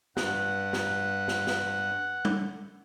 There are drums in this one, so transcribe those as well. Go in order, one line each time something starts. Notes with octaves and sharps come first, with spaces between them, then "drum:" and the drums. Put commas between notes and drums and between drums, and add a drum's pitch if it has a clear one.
G2 F#5, drum: snare
drum: snare
drum: snare
drum: snare
drum: tom G3